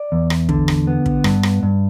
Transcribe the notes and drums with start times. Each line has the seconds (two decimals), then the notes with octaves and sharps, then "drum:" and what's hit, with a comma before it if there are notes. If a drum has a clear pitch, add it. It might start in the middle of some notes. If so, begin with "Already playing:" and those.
Already playing: D5
0.12 E2
0.30 drum: rim click
0.49 D3, drum: kick
0.68 drum: rim click
0.87 B3
1.06 drum: kick
1.24 G2, drum: rim click
1.43 drum: rim click
1.63 G2